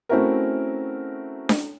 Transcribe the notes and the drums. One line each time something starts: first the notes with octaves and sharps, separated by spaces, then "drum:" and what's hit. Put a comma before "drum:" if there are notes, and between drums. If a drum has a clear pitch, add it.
A3 C4 C#4 E4 F#4 A#4
drum: snare D4